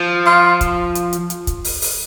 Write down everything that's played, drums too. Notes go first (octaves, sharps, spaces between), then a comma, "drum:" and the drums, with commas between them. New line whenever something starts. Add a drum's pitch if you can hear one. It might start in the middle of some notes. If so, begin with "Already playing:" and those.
Already playing: F3
F4
drum: kick, hi-hat
drum: hi-hat
drum: hi-hat
drum: hi-hat
drum: kick, hi-hat
drum: open hi-hat
drum: open hi-hat